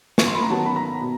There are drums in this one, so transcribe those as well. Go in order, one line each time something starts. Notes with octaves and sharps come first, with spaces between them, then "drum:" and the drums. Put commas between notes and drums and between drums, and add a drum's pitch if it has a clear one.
C#6, drum: snare
C6
B5
A#5
D#3 F#3 B3 A5
B5
A#5
B2